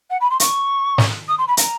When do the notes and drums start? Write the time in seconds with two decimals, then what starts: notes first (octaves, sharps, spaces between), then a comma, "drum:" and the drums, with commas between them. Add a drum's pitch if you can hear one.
0.10 F#5
0.20 B5
0.30 C6
0.40 C#6, drum: hi-hat
0.98 drum: snare
1.27 D#6
1.38 C6
1.47 B5
1.57 A#5, drum: hi-hat